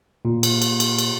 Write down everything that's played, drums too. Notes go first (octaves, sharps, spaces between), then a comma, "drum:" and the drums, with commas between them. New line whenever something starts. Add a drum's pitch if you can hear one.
A#2
drum: cymbal
drum: cymbal
drum: cymbal
drum: cymbal